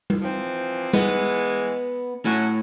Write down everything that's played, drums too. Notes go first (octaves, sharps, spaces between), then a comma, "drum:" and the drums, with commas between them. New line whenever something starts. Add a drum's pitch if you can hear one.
drum: tom G3
E3 F3 C4
E3 G#3 B3, drum: tom G3
A2 F#3 C#4 F#4